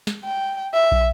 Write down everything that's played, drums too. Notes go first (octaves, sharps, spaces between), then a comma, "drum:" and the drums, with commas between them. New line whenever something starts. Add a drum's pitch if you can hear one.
drum: snare
G5
E5
drum: kick